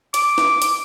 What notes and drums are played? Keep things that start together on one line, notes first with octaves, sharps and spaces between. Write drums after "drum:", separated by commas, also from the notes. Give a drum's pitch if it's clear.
D6, drum: hi-hat
drum: snare
drum: hi-hat